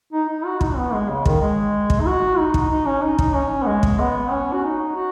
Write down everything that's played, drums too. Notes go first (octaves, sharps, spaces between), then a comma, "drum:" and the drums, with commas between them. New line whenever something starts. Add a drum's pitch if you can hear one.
D#4
D#4
F#4
D#4, drum: kick
B3
G#3
C#3
D#3, drum: kick
G#3
drum: kick
D#4
F#4
D#4
drum: kick
D#4
C#4
D#4
D#4, drum: kick
C#4
B3
G#3
drum: kick
B3
C#4
F#4
D#4
F#4